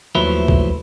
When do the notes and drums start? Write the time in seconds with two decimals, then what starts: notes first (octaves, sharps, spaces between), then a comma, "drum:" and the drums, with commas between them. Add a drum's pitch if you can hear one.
0.15 D#2 F3 F#3 A3 E4 B4
0.48 drum: kick